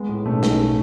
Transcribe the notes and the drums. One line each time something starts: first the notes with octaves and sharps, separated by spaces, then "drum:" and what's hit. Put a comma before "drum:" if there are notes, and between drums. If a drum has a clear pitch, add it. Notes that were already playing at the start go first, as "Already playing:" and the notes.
Already playing: G#3 B3
A2
B1 A3 C#4
A2, drum: snare